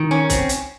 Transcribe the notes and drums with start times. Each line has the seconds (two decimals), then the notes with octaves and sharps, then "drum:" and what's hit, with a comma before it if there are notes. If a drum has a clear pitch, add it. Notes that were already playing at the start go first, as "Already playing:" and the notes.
Already playing: D#3
0.11 C#4
0.30 C4, drum: kick C2, hi-hat
0.49 drum: hi-hat